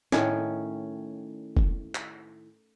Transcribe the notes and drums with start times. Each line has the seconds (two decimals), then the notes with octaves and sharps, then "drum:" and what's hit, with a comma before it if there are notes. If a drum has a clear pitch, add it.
0.12 A2 D#3 C#4, drum: snare C4
1.57 drum: kick
1.95 drum: clap